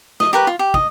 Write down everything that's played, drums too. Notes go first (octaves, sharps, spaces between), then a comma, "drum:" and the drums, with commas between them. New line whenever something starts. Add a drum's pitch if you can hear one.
D#5, drum: snare
G4 A#4 B4 C#6
F4
G4
D#5, drum: kick